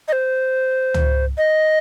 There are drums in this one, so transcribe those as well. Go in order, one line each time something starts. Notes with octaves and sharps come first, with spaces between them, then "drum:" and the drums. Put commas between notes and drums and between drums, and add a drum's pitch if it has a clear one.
D#5
C5
drum: tom C#2
D#5